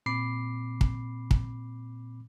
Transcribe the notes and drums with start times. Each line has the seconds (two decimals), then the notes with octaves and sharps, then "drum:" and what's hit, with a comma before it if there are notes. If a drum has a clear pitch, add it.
0.06 A#2 C4 B5 D6 C7
0.81 drum: kick
1.31 drum: kick